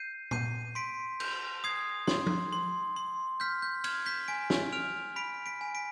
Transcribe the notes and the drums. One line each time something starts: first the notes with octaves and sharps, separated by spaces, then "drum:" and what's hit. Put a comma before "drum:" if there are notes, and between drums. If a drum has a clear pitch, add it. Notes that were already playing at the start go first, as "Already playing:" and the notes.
Already playing: G6 C7 D#7
G6 C7 D#7, drum: tom A#2
C6 B6 D7
G6, drum: cymbal
D#6 G#6 C7
C6, drum: snare
drum: tom F3
C6
C6
F6 G6 B6
G6
F6 G#6, drum: cymbal
G6 B6
G#5 B6 D7
drum: snare
F6 D7 F7
B5 B6 D7
B6 D7
G#5
B6 D7